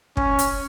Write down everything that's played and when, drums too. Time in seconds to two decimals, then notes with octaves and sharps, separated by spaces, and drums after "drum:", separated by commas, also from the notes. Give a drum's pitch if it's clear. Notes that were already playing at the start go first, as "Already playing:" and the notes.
0.17 C#4, drum: kick
0.39 drum: hi-hat